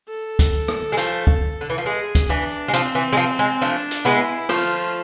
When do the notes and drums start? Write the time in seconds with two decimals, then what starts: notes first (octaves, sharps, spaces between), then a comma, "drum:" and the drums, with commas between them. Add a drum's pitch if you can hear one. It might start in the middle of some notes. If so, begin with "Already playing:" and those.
0.10 A4
0.39 drum: kick, hi-hat
0.68 drum: rim click
0.92 G#3
0.97 F3 A3, drum: hi-hat
1.27 drum: kick
1.61 D3
1.70 E3
1.78 F3
1.86 G#3 G#4
2.15 drum: kick, hi-hat
2.29 E3 D4
2.68 G#3
2.74 F3 C4, drum: hi-hat
2.95 E3
3.13 G#3
3.17 F3
3.39 G#3
3.61 F3 A3 D4
3.91 drum: hi-hat
4.05 G#3 B3 E4
4.49 F3 A3 F4, drum: rim click